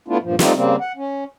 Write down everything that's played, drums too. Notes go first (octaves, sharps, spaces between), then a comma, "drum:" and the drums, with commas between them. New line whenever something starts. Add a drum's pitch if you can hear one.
A3 B3 D4 E4 F4
G2 A#2 F3
G3 A3 C4 D#4 F4 G4, drum: snare
C#3 G3 A#3 C4
F#5
C#4